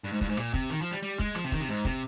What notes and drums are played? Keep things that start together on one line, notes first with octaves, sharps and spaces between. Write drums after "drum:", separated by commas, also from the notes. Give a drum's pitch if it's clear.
G2
G#2
G2, drum: kick
G#2
A#2, drum: rim click
C3, drum: kick
D#3
F3
G3
G3
G#3, drum: kick
F3, drum: rim click
C3
D#3, drum: kick
C3
G#2
C3, drum: kick